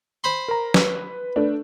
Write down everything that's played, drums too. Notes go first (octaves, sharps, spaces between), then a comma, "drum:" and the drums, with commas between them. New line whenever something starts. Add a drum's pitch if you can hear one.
C5 B5 C6
A#4 A#5
B4, drum: snare
A3 D4